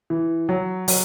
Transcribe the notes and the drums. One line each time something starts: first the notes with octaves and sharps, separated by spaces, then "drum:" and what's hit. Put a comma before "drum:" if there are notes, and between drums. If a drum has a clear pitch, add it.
E3
F#3
F#3, drum: open hi-hat